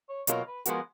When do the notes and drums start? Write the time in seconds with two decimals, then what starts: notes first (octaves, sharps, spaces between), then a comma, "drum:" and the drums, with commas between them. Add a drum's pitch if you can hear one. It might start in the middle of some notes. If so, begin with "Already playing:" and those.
0.09 C#5
0.27 B2 F#3 A#3 F4 A#4 C#5, drum: hi-hat
0.47 B4
0.65 F3 G#3 B3 F#4 A#4, drum: hi-hat